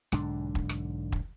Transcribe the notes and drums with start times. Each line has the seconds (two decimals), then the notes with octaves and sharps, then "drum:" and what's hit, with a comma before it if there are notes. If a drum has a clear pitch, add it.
0.12 B1 G#2 D3 D4, drum: rim click
0.55 drum: kick
0.69 drum: rim click
1.12 drum: kick